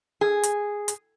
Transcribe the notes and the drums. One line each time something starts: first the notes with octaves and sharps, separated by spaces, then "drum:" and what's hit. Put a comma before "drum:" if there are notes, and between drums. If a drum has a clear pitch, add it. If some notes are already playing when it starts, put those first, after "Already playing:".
G#4
drum: hi-hat
drum: hi-hat